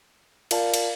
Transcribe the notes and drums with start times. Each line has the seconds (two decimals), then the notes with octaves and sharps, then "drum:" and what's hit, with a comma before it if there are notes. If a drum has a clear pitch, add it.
0.51 F4 A#4 D5 F5 A5, drum: cymbal
0.74 drum: cymbal